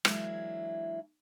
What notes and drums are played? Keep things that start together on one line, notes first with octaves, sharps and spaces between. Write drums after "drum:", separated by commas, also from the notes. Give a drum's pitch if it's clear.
E3 F#3 G#3 A#3 D4 E4, drum: rim click